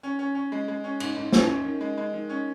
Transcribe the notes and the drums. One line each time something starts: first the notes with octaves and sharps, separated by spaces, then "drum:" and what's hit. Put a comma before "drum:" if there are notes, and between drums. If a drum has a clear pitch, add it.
C#4
C#4
C#4
G#3
G#3
C#4
G#2, drum: cymbal
G#2
C#4, drum: snare
C#4
D#3
G#3
G#3
D#3
C#4